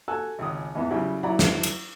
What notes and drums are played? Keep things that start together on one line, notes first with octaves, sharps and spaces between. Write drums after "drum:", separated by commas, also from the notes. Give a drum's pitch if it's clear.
F#4 A4 G#5 A5 E6 F#6
G#1 C#2 D#6
E2 G#2 B3
C#3 F#3 G3 E4
E3 F#3 E4 D5 A#5 B5
drum: snare
drum: cymbal